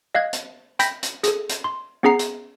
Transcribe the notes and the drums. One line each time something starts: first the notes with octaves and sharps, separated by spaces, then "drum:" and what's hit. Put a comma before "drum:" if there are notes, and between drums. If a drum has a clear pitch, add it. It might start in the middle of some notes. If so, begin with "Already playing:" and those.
D#5 F5 F#6 G#6
drum: hi-hat
G5 B5 G6 A#6 B6, drum: hi-hat
drum: hi-hat
G#4 A4, drum: hi-hat
drum: hi-hat
C6
B3 C#4 G#4 F#5 A#5 C7
drum: hi-hat